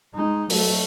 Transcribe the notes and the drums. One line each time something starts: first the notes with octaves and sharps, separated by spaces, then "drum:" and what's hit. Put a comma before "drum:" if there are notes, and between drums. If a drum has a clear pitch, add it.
G#3 D#4
F#3 A3, drum: open hi-hat